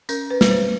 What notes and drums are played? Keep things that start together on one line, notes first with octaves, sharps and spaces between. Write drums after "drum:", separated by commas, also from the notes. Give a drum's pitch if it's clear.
C#4 A#4, drum: tambourine
B4
G3, drum: snare
C5